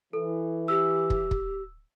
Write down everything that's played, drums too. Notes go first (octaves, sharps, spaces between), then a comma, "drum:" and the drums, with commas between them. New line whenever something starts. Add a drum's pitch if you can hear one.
E3 A4
G4 E6
drum: kick
drum: kick